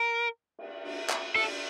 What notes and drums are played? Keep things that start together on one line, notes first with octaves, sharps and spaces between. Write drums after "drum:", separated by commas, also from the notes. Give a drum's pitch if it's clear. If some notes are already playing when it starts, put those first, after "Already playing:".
Already playing: A#4
drum: cymbal
drum: cymbal
drum: clap
A4, drum: cymbal